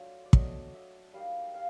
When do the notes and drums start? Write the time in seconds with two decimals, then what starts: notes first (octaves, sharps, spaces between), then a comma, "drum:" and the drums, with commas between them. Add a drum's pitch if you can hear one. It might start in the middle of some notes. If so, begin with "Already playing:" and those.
Already playing: F#3 A3 D4 F4
0.25 D5
0.33 F#3 A3 D4 D#5, drum: kick
0.74 E5
1.13 G3 A#3 D#4 F5
1.54 F5